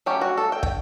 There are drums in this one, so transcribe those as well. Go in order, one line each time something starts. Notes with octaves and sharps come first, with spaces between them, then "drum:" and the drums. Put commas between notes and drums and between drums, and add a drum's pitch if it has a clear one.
F#3 A3 C#4 G4
F#4
A4
G5
G5, drum: kick